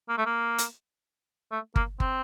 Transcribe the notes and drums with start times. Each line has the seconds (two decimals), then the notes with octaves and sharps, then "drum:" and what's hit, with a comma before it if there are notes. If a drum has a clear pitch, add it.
0.09 A#3
0.18 A3
0.26 A#3
0.59 drum: hi-hat
1.52 A3
1.76 A#3, drum: kick G1
2.00 C4, drum: kick G1